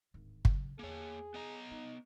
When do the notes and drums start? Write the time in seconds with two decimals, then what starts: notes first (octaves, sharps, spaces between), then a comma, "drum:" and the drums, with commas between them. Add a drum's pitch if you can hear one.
0.14 D1 G#1
0.45 C#3 F#3, drum: kick
0.79 E2 A#3 E4 G#4 C#5
1.34 B3 D#5 A#5
1.71 G3 D#4